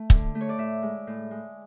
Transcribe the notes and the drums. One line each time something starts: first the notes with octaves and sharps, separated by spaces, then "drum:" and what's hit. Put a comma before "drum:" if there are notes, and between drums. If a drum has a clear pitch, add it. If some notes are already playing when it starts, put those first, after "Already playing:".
Already playing: A3
D3, drum: kick
A3
C#5
D5
A2 E5
G#3
A2
G#3